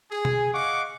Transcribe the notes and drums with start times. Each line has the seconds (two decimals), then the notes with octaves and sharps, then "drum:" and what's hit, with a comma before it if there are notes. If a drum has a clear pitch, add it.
0.11 G#4
0.25 drum: tom B2
0.53 D#5 F5 F#5 C#6 D6